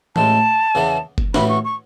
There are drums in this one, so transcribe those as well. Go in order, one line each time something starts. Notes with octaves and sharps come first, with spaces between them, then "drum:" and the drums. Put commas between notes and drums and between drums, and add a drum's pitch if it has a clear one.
A1 A2 G#3 A5, drum: tom
E2 C#3 E3 B3
drum: kick F#1
A1 A2 E3 B3 F#4 B5, drum: snare
C#6
C#6